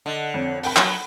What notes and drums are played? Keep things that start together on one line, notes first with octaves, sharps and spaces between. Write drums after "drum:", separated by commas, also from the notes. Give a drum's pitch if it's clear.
D3 D#5
F2 C#5
A#4 F#5 G5 B5, drum: open hi-hat
F#3, drum: clap